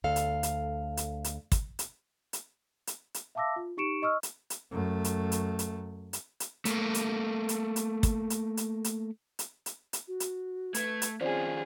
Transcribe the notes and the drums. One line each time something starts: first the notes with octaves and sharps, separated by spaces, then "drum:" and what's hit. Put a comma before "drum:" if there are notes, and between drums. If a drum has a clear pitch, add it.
D2 A4 F5
drum: hi-hat
drum: hi-hat
drum: hi-hat
drum: hi-hat
drum: kick, hi-hat
drum: hi-hat
drum: hi-hat
drum: hi-hat
drum: hi-hat
E5 F5 A5 D6 E6 A#6
F4
D#4 G4 C#6 C#7 D7 E7
D#5 C#6 E6 F6
drum: hi-hat
drum: hi-hat
F#2 A3
drum: hi-hat
drum: hi-hat
drum: hi-hat
drum: hi-hat
drum: hi-hat
A3 A#3, drum: hi-hat
drum: hi-hat
drum: hi-hat
drum: hi-hat
drum: kick, hi-hat
drum: hi-hat
drum: hi-hat
drum: hi-hat
drum: hi-hat
drum: hi-hat
drum: hi-hat
F#4
drum: hi-hat
A3 B4 G#6, drum: hi-hat
drum: hi-hat
D#3 F3 C4 C#4 F4 G#4 C5 D5